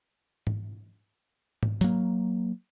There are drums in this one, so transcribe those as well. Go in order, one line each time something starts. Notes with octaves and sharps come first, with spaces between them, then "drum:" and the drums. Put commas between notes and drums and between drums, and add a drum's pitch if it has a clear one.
drum: tom G#2
drum: tom G#2
F#3 A#3, drum: hi-hat